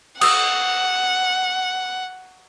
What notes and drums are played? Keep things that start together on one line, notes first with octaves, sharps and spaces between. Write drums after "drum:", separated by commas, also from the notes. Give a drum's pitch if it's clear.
F#5 D#6 E6, drum: cymbal